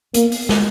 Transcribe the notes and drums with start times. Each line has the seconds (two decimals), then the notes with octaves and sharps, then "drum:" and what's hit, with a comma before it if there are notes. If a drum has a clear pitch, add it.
0.14 A#3 B3, drum: hi-hat
0.32 drum: open hi-hat
0.49 G#3, drum: snare